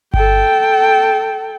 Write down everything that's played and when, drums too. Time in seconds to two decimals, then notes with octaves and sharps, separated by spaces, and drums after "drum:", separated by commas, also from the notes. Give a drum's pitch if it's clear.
0.14 A4 G5, drum: kick G1